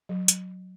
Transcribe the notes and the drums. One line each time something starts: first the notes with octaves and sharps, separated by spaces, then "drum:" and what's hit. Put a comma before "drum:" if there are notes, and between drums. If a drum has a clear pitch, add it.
F#3
drum: hi-hat